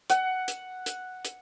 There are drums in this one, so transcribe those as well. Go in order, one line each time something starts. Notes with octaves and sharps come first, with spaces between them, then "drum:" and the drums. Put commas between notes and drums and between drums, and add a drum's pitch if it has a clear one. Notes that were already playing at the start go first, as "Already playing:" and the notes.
F#5, drum: hi-hat
drum: hi-hat
drum: hi-hat
drum: hi-hat